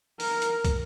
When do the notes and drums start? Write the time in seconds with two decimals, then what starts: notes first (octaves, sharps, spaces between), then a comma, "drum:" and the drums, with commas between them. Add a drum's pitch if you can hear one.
0.20 A#4, drum: open hi-hat
0.42 drum: hi-hat
0.65 drum: kick, hi-hat